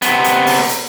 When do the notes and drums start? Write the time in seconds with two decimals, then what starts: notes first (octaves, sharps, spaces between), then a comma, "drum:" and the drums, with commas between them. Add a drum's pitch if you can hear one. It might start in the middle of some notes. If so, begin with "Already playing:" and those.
0.02 C3 B3, drum: hi-hat
0.24 drum: hi-hat
0.47 drum: open hi-hat
0.69 drum: hi-hat